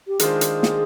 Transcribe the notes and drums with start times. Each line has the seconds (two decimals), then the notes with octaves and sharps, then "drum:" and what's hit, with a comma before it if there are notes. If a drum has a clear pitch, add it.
0.08 G4
0.19 D#3 G#3 D4 F4 G#4 C5, drum: hi-hat
0.41 drum: hi-hat
0.63 drum: snare